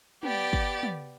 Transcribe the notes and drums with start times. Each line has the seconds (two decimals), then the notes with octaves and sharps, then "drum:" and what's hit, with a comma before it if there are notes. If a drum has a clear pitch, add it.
0.23 B3 G4 D5 A6, drum: tom
0.53 drum: kick
0.83 drum: tom